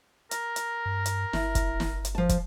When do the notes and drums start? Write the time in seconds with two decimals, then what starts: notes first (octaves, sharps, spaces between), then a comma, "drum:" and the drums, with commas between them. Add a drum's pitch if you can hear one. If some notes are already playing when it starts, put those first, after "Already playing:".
0.31 A#4, drum: hi-hat
0.56 drum: hi-hat
0.85 G2
1.06 drum: hi-hat
1.33 G1 E4, drum: snare
1.55 drum: kick, hi-hat
1.80 drum: snare
2.05 drum: hi-hat
2.15 F3 A5
2.29 drum: kick, hi-hat